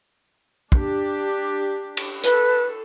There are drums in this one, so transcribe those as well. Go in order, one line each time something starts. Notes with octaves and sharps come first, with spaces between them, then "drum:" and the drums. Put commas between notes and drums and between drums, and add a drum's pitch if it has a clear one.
D4 G4, drum: kick
drum: cymbal
A4 B4, drum: hi-hat